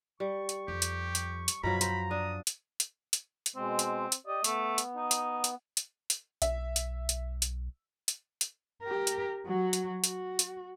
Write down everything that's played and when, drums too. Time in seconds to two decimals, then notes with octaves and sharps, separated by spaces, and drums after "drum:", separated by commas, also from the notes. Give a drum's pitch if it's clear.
0.20 G3 C#6
0.49 drum: hi-hat
0.68 F2 G4
0.82 drum: hi-hat
1.15 drum: hi-hat
1.48 drum: hi-hat
1.63 F#2 B2 F3 F#3 A#5 B5
1.81 C5 A#5, drum: hi-hat
2.11 D4 D#6
2.47 drum: hi-hat
2.80 drum: hi-hat
3.13 drum: hi-hat
3.46 drum: hi-hat
3.55 B2 G#3 C4
3.79 drum: hi-hat
4.12 drum: hi-hat
4.27 G4 D5 D#5
4.44 A3 B3, drum: hi-hat
4.78 drum: hi-hat
4.96 D#4
5.11 drum: hi-hat
5.44 drum: hi-hat
5.77 drum: hi-hat
6.10 drum: hi-hat
6.42 B1 E5, drum: hi-hat
6.76 drum: hi-hat
7.09 drum: hi-hat
7.42 drum: hi-hat
8.08 drum: hi-hat
8.41 drum: hi-hat
8.82 G4 A#4
9.07 drum: hi-hat
9.46 F#3 F#4
9.73 drum: hi-hat
10.04 F#4, drum: hi-hat
10.39 drum: hi-hat